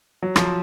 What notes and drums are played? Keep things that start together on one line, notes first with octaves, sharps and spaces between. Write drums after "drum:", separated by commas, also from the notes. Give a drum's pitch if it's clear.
F#3
F3, drum: rim click